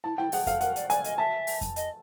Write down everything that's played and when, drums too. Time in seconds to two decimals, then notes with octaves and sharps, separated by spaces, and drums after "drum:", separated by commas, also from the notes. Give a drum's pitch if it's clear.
0.04 E4 A5
0.18 E4 G5
0.32 G#4 F#5, drum: open hi-hat
0.47 A4 F5, drum: kick F2, hi-hat
0.61 A#4 F#5, drum: hi-hat
0.76 D5, drum: hi-hat
0.90 D5 G#5, drum: hi-hat
1.04 D#5, drum: hi-hat
1.18 E5 A5
1.47 drum: open hi-hat
1.61 drum: kick F2, hi-hat
1.76 D#5, drum: hi-hat